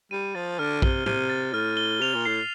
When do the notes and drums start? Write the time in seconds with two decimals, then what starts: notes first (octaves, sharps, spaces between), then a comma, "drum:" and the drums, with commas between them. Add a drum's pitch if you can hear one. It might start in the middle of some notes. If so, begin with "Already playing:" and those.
0.11 G3 D#7
0.35 F3 A6
0.59 D3 F6
0.82 C3 G7, drum: kick
1.06 C3 D#7, drum: tom
1.29 A6
1.53 A2 F6
1.77 G7
2.01 C3 F7
2.15 A#2
2.25 A2 C7